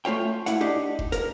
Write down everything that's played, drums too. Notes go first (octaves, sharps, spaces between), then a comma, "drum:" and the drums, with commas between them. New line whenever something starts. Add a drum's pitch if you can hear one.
A3 F4 C#5 G5
E4 F#5, drum: hi-hat
D4 D#4 G4
drum: kick F1
A#4, drum: hi-hat